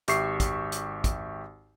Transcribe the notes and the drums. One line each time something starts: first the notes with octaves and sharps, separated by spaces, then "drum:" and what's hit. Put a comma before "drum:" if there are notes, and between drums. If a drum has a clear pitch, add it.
G#1 G4 E5 C#6 C7, drum: hi-hat
drum: kick, hi-hat
drum: hi-hat
drum: kick, hi-hat